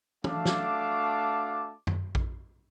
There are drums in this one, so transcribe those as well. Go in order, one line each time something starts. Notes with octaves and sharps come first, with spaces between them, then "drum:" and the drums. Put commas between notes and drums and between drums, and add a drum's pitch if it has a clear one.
A3 D4 F#4 F5 A5 D6, drum: tom
drum: snare
drum: tom F#2
drum: kick A#1